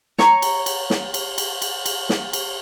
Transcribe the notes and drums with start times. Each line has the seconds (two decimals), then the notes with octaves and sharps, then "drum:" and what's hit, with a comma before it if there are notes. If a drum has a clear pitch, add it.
0.19 C#5 A#5 C#6, drum: snare
0.42 drum: cymbal
0.66 drum: cymbal
0.90 drum: snare
1.14 drum: cymbal
1.38 drum: cymbal
1.62 drum: cymbal
1.86 drum: cymbal
2.09 drum: snare
2.33 drum: cymbal